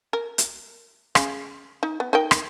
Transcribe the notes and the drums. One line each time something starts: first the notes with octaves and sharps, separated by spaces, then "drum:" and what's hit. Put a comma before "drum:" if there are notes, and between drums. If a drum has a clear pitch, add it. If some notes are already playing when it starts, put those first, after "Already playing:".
A#4
drum: hi-hat
C#3, drum: rim click
D#4
B3
D#4 A#4 G5
drum: rim click